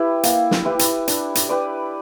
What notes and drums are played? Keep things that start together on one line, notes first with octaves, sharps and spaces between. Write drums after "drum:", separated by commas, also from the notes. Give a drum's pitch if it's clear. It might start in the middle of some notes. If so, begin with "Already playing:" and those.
Already playing: E4 G4 B4
A#3, drum: hi-hat
drum: snare
E4 G4 B4
drum: hi-hat
D4, drum: hi-hat
drum: hi-hat
G4 B4 D5